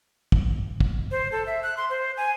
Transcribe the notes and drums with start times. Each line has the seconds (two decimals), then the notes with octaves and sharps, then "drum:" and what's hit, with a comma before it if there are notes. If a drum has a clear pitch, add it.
0.32 drum: kick
0.80 drum: kick
1.11 C5
1.32 A4
1.47 E5
1.63 F#6
1.77 C6
1.90 C5
2.17 G#5